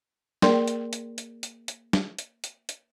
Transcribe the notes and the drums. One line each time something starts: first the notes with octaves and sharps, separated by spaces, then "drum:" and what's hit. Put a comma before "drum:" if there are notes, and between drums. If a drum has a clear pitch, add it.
A#3 G#4 A#4 D5 G5 C6, drum: snare
drum: hi-hat
drum: hi-hat
drum: hi-hat
drum: hi-hat
drum: hi-hat
drum: snare
drum: hi-hat
drum: hi-hat
drum: hi-hat